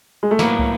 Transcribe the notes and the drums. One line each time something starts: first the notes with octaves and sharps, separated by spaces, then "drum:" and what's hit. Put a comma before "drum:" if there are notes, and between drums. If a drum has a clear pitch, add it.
G#3
A3
A2 F#3 A#3 B3 E4, drum: snare
drum: kick